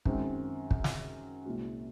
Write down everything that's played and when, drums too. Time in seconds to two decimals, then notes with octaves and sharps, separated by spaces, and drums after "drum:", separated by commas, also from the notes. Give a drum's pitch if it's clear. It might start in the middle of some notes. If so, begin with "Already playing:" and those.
0.05 F#2 D#3 G#3 C4, drum: kick
0.71 drum: kick
0.84 drum: snare
1.46 C2 A#2 G#3 C4 F#4